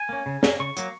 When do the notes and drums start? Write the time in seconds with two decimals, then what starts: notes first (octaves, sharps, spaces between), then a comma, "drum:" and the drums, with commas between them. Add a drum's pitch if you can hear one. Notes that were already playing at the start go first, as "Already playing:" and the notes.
Already playing: G#5
0.09 A#3 C#4
0.26 C#3
0.43 A#3 C#4, drum: snare
0.60 C#3 C#6
0.77 F#3 A#3, drum: hi-hat